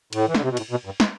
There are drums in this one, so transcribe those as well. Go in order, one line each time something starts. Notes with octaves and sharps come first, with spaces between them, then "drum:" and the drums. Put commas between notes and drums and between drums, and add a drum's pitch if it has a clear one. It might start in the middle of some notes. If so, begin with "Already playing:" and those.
A2, drum: cymbal
E3
D3, drum: snare
C3
B2
A2, drum: cymbal
B2
G2
drum: snare